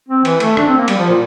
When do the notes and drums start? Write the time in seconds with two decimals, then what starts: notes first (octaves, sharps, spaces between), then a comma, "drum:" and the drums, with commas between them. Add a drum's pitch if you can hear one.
0.09 C4
0.25 E3, drum: cymbal
0.40 A3, drum: cymbal
0.57 D4, drum: rim click
0.67 C4
0.78 A#3
0.88 G3, drum: cymbal
0.98 F3
1.09 A#2